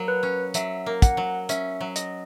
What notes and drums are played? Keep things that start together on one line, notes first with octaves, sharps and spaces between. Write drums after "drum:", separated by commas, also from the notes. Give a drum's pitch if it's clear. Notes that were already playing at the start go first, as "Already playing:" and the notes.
Already playing: F#3 A#3
B4
C#4
F#3 E5, drum: hi-hat
A#3
F#5, drum: kick, hi-hat
F#3
C#4 E5, drum: hi-hat
F#3
D#5, drum: hi-hat